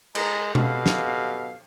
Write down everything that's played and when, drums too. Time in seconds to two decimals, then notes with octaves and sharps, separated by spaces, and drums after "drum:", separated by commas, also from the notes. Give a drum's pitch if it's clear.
0.15 G#3 A#5, drum: cymbal
0.55 B2 G4 A4 F5, drum: tom B2
0.86 drum: snare